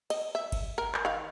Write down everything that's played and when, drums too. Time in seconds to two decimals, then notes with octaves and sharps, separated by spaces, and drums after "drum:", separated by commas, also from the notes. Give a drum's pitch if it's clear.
0.10 D#5, drum: cymbal
0.35 E5
0.52 drum: kick G1, cymbal
0.78 A#4
0.94 drum: clap
1.05 D#3 F5